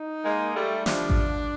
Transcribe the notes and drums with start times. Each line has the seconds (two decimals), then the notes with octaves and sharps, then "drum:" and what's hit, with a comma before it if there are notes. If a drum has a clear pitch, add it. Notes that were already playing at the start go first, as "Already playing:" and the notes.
Already playing: D#4
0.24 G#3 A#3
0.55 G3 A3
0.86 F3 G3 D4, drum: snare
1.10 drum: kick A1